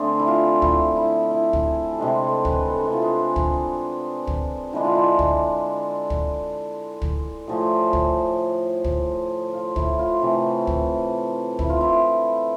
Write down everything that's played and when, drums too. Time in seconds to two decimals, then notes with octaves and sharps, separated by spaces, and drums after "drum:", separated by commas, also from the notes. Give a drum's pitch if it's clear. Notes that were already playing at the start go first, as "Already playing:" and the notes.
Already playing: D3 A3 C4 G#4 C5 D5
0.19 E4
0.28 F4
0.62 E4, drum: kick
0.96 E4
1.31 E4
1.53 drum: kick
1.65 G#4
1.93 A4
1.99 C3 G#3 D4 G#4
2.22 A4
2.45 B4, drum: kick
2.67 A4
2.78 D4
2.86 E4
2.93 F4
3.02 G#4
3.36 drum: kick
4.27 drum: kick
4.73 D3 G#3 D4 E4
4.84 F4
4.95 E4
5.19 drum: kick
6.10 drum: kick
7.02 drum: kick
7.47 A2 F3 A3 G#4
7.93 drum: kick
8.85 drum: kick
9.53 F4
9.76 E4, drum: kick
9.99 F4
10.22 C3 E3 A3
10.67 drum: kick
11.59 E4, drum: kick
11.69 F4
11.81 E4